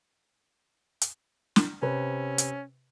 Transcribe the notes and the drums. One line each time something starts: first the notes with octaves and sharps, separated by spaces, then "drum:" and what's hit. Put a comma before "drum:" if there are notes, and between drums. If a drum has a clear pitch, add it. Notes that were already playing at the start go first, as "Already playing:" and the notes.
drum: hi-hat
drum: snare
C3 C#4 B4
drum: hi-hat